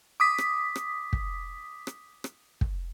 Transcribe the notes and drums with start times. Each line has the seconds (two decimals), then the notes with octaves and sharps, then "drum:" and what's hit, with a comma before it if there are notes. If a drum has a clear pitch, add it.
0.20 D6 D#6 B6
0.38 drum: rim click
0.76 drum: rim click
1.13 drum: kick
1.87 drum: rim click
2.24 drum: rim click
2.61 drum: kick